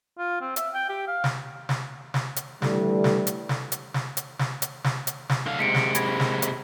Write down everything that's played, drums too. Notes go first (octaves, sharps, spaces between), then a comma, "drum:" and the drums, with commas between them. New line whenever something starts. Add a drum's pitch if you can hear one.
F4
C4
E5, drum: hi-hat
G5
G4
F5
drum: snare
drum: snare
drum: snare
drum: hi-hat
D3 E3 G3 A3, drum: snare
drum: snare
drum: hi-hat
drum: snare
drum: hi-hat
drum: snare
drum: hi-hat
drum: snare
drum: hi-hat
drum: snare
drum: hi-hat
drum: snare
D3 F5
C3 G#3 B6 C#7 D7
drum: snare
B5 G#6 A#6, drum: hi-hat
drum: snare
drum: hi-hat